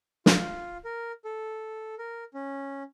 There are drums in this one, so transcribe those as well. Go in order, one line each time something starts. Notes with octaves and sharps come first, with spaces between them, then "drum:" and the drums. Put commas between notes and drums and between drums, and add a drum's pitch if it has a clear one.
F4, drum: snare
A#4
A4
A#4
C#4